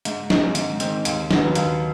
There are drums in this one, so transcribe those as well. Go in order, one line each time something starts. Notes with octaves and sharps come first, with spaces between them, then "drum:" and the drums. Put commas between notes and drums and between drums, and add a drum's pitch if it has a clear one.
G#2, drum: hi-hat
D#3 G#3 C4, drum: snare
G#2, drum: hi-hat
D#3 G#3 C4, drum: hi-hat
D#2, drum: hi-hat
D#3 F#3 B3, drum: snare
D#2, drum: hi-hat